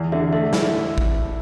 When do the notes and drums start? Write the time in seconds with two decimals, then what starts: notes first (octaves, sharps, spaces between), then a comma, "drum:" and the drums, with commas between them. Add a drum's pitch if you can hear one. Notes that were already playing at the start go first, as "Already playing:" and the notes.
Already playing: E2
0.12 D3 E5
0.33 A3 E5
0.53 E4, drum: snare
0.98 drum: kick A1